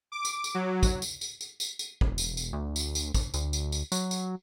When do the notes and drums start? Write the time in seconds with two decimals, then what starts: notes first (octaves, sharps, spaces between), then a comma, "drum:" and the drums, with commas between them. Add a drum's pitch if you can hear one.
0.12 D6
0.25 drum: tambourine
0.44 drum: tambourine
0.54 F#3
0.83 drum: kick, tambourine
1.02 drum: tambourine
1.21 drum: tambourine
1.41 drum: tambourine
1.60 drum: tambourine
1.79 drum: tambourine
2.01 E1, drum: kick
2.18 drum: tambourine
2.37 drum: tambourine
2.53 D2
2.76 drum: tambourine
2.95 drum: tambourine
3.14 drum: kick, tambourine
3.34 D2, drum: tambourine
3.53 drum: tambourine
3.72 drum: tambourine
3.92 F#3, drum: tambourine
4.11 drum: tambourine